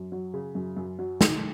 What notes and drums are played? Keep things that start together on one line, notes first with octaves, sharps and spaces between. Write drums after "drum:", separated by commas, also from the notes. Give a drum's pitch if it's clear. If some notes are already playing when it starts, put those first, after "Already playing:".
Already playing: F#2
F#3
C#3
F#2
F#2
F#3
D#3, drum: snare